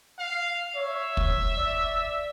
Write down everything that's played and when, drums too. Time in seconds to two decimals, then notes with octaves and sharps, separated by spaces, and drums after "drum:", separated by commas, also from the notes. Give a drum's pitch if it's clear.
0.19 F5
0.76 C#5 E5
1.17 drum: kick
1.57 D5